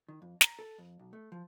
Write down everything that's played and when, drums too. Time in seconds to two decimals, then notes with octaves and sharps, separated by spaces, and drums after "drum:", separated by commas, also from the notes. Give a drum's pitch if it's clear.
0.08 D#3
0.22 F2
0.41 A#5, drum: snare
0.59 A4
0.78 F2
0.99 B1
1.13 A3
1.32 F3